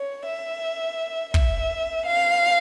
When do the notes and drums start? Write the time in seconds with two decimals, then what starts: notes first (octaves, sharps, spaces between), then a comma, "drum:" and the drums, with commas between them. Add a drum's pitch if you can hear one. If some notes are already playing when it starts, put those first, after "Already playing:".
Already playing: C#5
0.26 E5
1.34 E5, drum: kick
2.05 F5